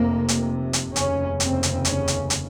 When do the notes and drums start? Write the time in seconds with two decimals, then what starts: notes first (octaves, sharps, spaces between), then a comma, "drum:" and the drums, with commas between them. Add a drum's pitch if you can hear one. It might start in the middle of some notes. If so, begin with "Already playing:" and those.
Already playing: F1 F2 C3 A#3
0.28 drum: hi-hat
0.73 drum: hi-hat
0.96 F1 D#2 C#3 C#4, drum: hi-hat
1.40 C4, drum: hi-hat
1.63 drum: hi-hat
1.85 C#4, drum: hi-hat
2.08 drum: hi-hat
2.30 drum: hi-hat